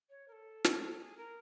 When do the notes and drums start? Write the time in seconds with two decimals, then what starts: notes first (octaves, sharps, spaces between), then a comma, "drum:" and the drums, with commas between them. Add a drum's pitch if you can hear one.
0.10 C#5
0.28 A#4
0.32 A4
0.64 drum: snare
0.99 G#4
1.17 A#4